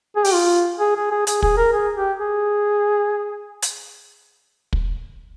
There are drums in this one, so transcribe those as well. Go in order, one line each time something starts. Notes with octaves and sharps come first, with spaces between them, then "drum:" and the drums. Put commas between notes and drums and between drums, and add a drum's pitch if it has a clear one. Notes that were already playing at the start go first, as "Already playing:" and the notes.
G#4
G4, drum: open hi-hat
F4
G#4
G#4
G#4
G#4, drum: hi-hat
G#4, drum: kick
A#4
G#4
G4
G#4
drum: hi-hat
drum: kick